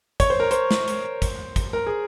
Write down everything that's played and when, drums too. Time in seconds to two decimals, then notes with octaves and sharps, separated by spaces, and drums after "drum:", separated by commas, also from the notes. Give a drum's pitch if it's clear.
0.20 C#5, drum: kick, hi-hat
0.30 C5
0.40 A#4
0.51 C5, drum: hi-hat
0.71 drum: snare
0.88 drum: hi-hat
1.22 drum: kick, hi-hat
1.56 drum: kick, hi-hat
1.73 A#4
1.87 G#4